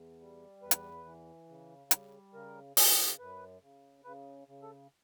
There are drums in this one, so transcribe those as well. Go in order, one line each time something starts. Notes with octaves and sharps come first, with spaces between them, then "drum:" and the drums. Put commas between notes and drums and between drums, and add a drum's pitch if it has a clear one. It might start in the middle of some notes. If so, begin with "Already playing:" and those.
Already playing: E2
G3
E2 B4
drum: hi-hat
E3
C#3
G3, drum: hi-hat
C#3 A#4
C#3, drum: open hi-hat
F#2 B4
C#3
C#3 B4
C#3
A4